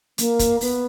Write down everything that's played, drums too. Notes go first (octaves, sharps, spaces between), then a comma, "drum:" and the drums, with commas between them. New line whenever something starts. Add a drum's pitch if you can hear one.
A#3, drum: hi-hat
drum: kick, hi-hat
B3, drum: open hi-hat